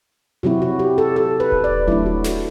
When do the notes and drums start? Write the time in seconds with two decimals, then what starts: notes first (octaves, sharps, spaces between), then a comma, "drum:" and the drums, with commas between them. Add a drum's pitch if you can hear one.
0.43 C3 F#3 C4 E4 F#4
0.62 F#4
0.79 G4
0.98 A4
1.16 A4
1.40 B4
1.52 drum: kick D#1
1.64 D5
1.87 F#3 A3 D4 E4, drum: kick D#1
2.06 F#4
2.24 A4, drum: snare